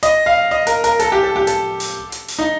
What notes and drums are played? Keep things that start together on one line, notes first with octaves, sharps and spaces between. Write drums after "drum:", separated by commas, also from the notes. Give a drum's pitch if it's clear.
D#5, drum: hi-hat
F5
D#5
A#4, drum: hi-hat
A#4, drum: hi-hat
A4, drum: hi-hat
G4
A4
G4
A4, drum: hi-hat
drum: open hi-hat
drum: hi-hat
drum: open hi-hat
D#4